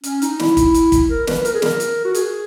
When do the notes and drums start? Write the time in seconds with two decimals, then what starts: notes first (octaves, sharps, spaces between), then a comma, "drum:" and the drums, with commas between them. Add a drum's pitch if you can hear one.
0.04 C#4, drum: hi-hat
0.22 D#4, drum: hi-hat
0.39 E4, drum: snare
0.57 drum: kick, hi-hat
0.74 drum: hi-hat
0.92 drum: kick, hi-hat
1.10 A#4
1.27 B4, drum: snare
1.45 A#4, drum: hi-hat
1.54 G#4
1.62 A#4, drum: snare
1.80 drum: hi-hat
2.04 F#4
2.15 G#4, drum: hi-hat